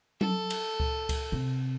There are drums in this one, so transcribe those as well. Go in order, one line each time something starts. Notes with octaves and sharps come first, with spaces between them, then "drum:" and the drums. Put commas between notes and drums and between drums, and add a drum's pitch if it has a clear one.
A4, drum: tom F#3
drum: cymbal
drum: kick C#2
drum: kick C#2, cymbal
C3